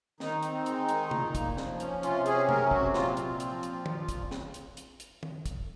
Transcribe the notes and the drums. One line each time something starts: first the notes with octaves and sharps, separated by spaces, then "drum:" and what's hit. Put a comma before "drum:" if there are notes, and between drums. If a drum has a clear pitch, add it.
D#3 D#4, drum: snare
C4, drum: hi-hat
G#3, drum: hi-hat
D#3, drum: hi-hat
A#2, drum: tom C3
A#3, drum: kick, hi-hat
F3, drum: snare
C#4, drum: hi-hat
C3 F4, drum: hi-hat
C#4 G#4, drum: hi-hat
F#3 A#4, drum: tom C3
C3 F#4, drum: kick
A#2 F4, drum: snare
C4, drum: hi-hat
F3, drum: hi-hat
A#2, drum: hi-hat
drum: tom
drum: kick, hi-hat
drum: snare
drum: hi-hat
drum: hi-hat
drum: hi-hat
drum: tom
drum: kick, hi-hat